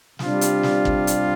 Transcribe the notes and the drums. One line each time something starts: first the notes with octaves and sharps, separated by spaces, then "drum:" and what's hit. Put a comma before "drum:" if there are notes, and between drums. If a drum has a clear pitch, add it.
C3 G3 D4 F4, drum: snare
drum: hi-hat
drum: snare
drum: kick
drum: hi-hat